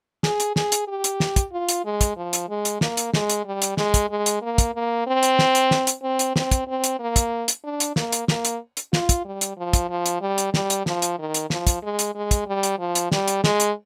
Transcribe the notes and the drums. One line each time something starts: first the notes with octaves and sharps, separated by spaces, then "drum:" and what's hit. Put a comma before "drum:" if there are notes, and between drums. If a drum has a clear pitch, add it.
G#4, drum: snare
drum: hi-hat
G#4, drum: snare
drum: hi-hat
G4
drum: hi-hat
drum: snare
drum: kick, hi-hat
F4
drum: hi-hat
G#3
drum: kick, hi-hat
F3
drum: hi-hat
G#3
drum: hi-hat
A#3, drum: snare
drum: hi-hat
G#3, drum: snare
drum: hi-hat
G3
drum: hi-hat
G#3, drum: snare
drum: kick, hi-hat
G#3
drum: hi-hat
A#3
drum: kick, hi-hat
A#3
C4
drum: hi-hat
drum: snare
drum: hi-hat
drum: snare
drum: hi-hat
C4
drum: hi-hat
C4, drum: snare
drum: kick, hi-hat
C4
drum: hi-hat
A#3
drum: kick, hi-hat
drum: hi-hat
D4
drum: hi-hat
A#3, drum: snare
drum: hi-hat
A#3, drum: snare
drum: hi-hat
drum: hi-hat
F4, drum: snare
drum: kick, hi-hat
G3
drum: hi-hat
F3
drum: kick, hi-hat
F3
drum: hi-hat
G3
drum: hi-hat
G3, drum: snare
drum: hi-hat
F3, drum: snare
drum: hi-hat
D#3
drum: hi-hat
F3, drum: snare
drum: kick, hi-hat
G#3
drum: hi-hat
G#3
drum: kick, hi-hat
G3
drum: hi-hat
F3
drum: hi-hat
G3, drum: snare
drum: hi-hat
G#3, drum: snare
drum: hi-hat